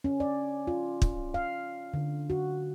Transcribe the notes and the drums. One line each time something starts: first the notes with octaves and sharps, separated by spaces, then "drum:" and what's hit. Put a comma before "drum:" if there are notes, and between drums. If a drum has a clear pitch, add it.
C#4
D5
F4
drum: kick
F5
D3
F#4